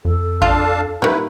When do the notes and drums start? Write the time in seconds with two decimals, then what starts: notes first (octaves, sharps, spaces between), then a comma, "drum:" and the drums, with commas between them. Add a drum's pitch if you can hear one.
0.05 F2 A4
0.42 D4 F4 F5 A5, drum: kick A1
1.02 D#3 G3 A#3 E4 B4, drum: tom